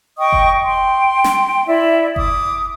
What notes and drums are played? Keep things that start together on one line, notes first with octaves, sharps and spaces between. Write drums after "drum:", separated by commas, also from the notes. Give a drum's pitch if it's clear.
D#5 G5 C#6 D#6
drum: kick F#1
G5 C6
drum: snare
E4 D5 E5
D6 D#6, drum: kick F#1